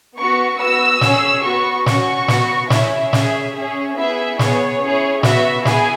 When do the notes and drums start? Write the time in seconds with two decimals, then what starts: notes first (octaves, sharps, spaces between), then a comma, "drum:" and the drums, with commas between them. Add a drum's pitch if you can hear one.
0.17 B3 F#4 C#6
0.59 B3 F#4 E6
1.01 C#4 G#4, drum: snare
1.43 B3 F#4 C#6
1.86 C#4 F#4 C#6, drum: snare
2.28 B3 F#4, drum: snare
2.70 C#4 E4 G#4 E5, drum: snare
3.13 C#4 G#4, drum: snare
3.55 C#4 G#4
3.96 B3 E4 G#4 E5
4.39 B3 G#4 C#5, drum: snare
4.81 C#4 E4 G#4
5.23 B3 F#4 E5, drum: snare
5.65 B3 E4 G#4 G#5, drum: snare